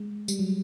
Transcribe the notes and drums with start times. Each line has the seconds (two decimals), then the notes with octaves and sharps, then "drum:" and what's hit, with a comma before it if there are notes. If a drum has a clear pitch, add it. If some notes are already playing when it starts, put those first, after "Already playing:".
Already playing: G#3
0.28 G3, drum: tambourine
0.39 F#3